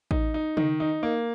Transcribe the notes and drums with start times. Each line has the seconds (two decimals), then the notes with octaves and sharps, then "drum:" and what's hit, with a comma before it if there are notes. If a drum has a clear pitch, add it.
0.11 D#4, drum: kick A1
0.34 D#4
0.57 D#3, drum: tom C#3
0.80 D#4
1.03 A#3